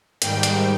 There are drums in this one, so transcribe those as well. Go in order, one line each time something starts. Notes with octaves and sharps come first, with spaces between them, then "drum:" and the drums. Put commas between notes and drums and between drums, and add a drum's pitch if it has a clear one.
G#2 D#3 G3 G5, drum: hi-hat
drum: hi-hat